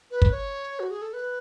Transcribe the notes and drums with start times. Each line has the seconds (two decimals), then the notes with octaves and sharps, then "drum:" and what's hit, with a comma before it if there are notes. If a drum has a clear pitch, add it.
0.11 B4
0.22 drum: kick
0.31 C#5
0.80 F#4
0.91 G#4
1.02 A4
1.13 B4